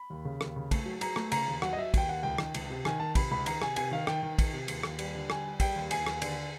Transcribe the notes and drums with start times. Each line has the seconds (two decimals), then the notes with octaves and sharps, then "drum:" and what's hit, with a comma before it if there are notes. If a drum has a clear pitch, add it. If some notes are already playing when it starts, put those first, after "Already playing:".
Already playing: B5
0.10 D#2
0.25 C#3
0.41 D#2, drum: rim click
0.56 C#3
0.71 A3, drum: kick, cymbal
0.86 F#3
1.01 F#3 A#5, drum: cymbal
1.16 A3, drum: rim click
1.32 C#3 A#5, drum: cymbal
1.48 D#2
1.62 F#3 F#5, drum: rim click
1.73 D#5
1.77 F#3 E5
1.94 D#2 G5, drum: kick, cymbal
2.08 D#2 F#5
2.23 C#2 G5
2.38 D#3, drum: rim click
2.54 C#2, drum: cymbal
2.70 C3
2.85 D#3 G#5, drum: rim click
3.00 D#3 A5
3.15 C3 B5, drum: kick, cymbal
3.31 C#2 B5
3.46 D#3 A#5, drum: cymbal
3.62 C3 G#5, drum: rim click
3.76 C3 G#5, drum: cymbal
3.91 D#3 F5
4.07 D#3 G5, drum: rim click
4.23 D#3
4.39 D#3, drum: kick, cymbal
4.53 C3
4.68 D#2, drum: cymbal
4.83 D#2, drum: rim click
4.99 G3, drum: cymbal
5.15 D3
5.30 G3 G#5, drum: rim click
5.45 G3
5.60 G3 G5, drum: kick, cymbal
5.76 D#2
5.91 D#2 G#5, drum: cymbal
6.06 D#2, drum: rim click
6.22 D3, drum: cymbal